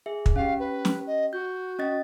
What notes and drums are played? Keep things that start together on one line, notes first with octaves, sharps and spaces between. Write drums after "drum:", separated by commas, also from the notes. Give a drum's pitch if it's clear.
G#4 E5
drum: kick
C#4 G4 F5
B4
drum: snare
D#5
F#4 G6
C#4 D#5 A6